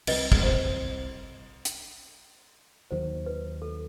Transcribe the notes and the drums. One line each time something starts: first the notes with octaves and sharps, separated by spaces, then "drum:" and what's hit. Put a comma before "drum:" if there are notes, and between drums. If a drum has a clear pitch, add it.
C2 C3 E3 G3 B4 D#5, drum: cymbal
drum: kick
C5
drum: hi-hat
D#2 D#3 F#3 C5
B4
A4